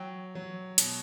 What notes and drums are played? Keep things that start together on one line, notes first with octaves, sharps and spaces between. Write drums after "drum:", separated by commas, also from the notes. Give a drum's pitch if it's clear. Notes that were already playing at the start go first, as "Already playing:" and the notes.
Already playing: F#3 G5
F#3
B2, drum: hi-hat